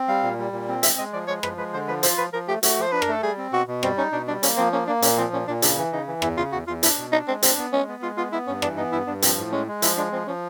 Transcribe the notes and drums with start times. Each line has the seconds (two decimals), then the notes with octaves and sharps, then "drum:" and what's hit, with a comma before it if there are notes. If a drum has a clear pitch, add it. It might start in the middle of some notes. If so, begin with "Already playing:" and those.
Already playing: C4
0.08 G3 F5
0.23 A#2
0.38 G3
0.52 A#2
0.68 C4
0.83 G#3 E5, drum: hi-hat
0.98 G#3 D#5
1.13 F3 D5
1.28 G#3 C#5
1.43 F3 B4, drum: rim click
1.57 G#3 B4
1.73 D3 C5
1.87 F3 B4
2.03 F4 C5, drum: hi-hat
2.18 F3 B4
2.33 F3 A#4
2.48 A3 G4
2.63 A3 F#4, drum: hi-hat
2.78 F3 C5
2.92 D4 B4
3.02 A#4, drum: rim click
3.08 A3 A4
3.23 G3 G#4
3.38 C4
3.52 B2 F#4
3.67 B2
3.83 G3 C4, drum: rim click
3.98 C#4 D#4
4.12 B2 D4
4.28 G3 D4
4.43 A#3 C#4, drum: hi-hat
4.57 F3 C4
4.73 A#3 C#4
4.87 A#3 D4
5.02 A#2 C#4, drum: hi-hat
5.17 F3 C4
5.33 A#2 C#4
5.48 A#2 D4
5.62 C#3 D4, drum: hi-hat
5.77 E3
5.93 C#3 D#4
6.08 E3
6.22 E2 E4, drum: rim click
6.37 C#3 F4
6.52 E2 F#4
6.67 E2 F4
6.83 D4 E4, drum: hi-hat
6.98 B2
7.12 D4 D#4
7.28 G#3 C4
7.43 C4 D4, drum: hi-hat
7.58 B3
7.73 G#3 C#4
7.88 B3
8.02 G#3 F4
8.17 B3 F4
8.32 B3 E4
8.47 G2 C#4
8.62 E3 D4, drum: rim click
8.77 B3 D#4
8.92 G2 E4
9.07 G2 D4
9.22 F3 C4, drum: hi-hat
9.38 A2
9.52 G#3 C#4
9.67 G#3
9.82 F3 E4, drum: hi-hat
9.97 G#3 D4
10.12 F3 C4
10.27 F3 C#4